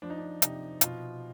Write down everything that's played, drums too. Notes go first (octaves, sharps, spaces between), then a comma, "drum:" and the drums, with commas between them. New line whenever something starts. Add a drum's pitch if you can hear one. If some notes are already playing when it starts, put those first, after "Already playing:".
F3 D4
D#4
D4
C3 D#4, drum: hi-hat
B2 F4, drum: hi-hat